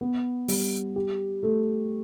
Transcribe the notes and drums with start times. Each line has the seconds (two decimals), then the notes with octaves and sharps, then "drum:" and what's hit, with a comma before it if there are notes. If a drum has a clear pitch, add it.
0.01 B3
0.48 G3, drum: open hi-hat
0.96 G4
1.43 A3